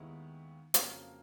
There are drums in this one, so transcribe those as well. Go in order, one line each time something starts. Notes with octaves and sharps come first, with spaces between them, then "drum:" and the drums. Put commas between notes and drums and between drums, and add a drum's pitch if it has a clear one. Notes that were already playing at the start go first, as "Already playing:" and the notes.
Already playing: D#2 D#3 G#3 B3 E4
F2 C#3 F#3 A#3, drum: hi-hat